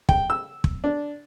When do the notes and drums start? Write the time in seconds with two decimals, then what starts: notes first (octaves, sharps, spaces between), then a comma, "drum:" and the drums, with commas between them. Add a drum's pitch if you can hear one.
0.09 G5, drum: kick
0.30 E6
0.64 drum: kick
0.84 D4